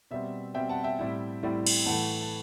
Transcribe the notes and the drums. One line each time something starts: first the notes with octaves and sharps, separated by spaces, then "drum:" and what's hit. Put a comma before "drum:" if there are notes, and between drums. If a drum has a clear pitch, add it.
B2 G3 C4 E5
B2 G3 C4 E5 G5
F#5 A5
E5 G5
A2 G3 C4 E4
A2 G3 C4 E4
drum: cymbal
A2 E3 A3 F#5 A5
A5